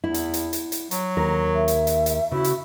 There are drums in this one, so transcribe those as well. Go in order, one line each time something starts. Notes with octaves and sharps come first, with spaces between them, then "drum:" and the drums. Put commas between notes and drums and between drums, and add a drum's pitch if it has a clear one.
E2 E4
drum: hi-hat
drum: hi-hat
drum: hi-hat
drum: hi-hat
F#3, drum: hi-hat
D#2 A#4
E5
drum: hi-hat
drum: hi-hat
drum: hi-hat
C#3 E4 F#4
drum: hi-hat